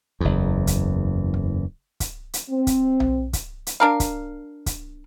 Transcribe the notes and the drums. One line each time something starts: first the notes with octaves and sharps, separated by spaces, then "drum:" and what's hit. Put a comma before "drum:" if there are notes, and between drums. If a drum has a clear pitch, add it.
F#1 E2
drum: kick, hi-hat
drum: kick
drum: kick, hi-hat
drum: hi-hat
C4
drum: kick, hi-hat
drum: tom B1
drum: kick, hi-hat
drum: hi-hat
D4 A#4 F5
drum: kick, hi-hat
drum: kick, hi-hat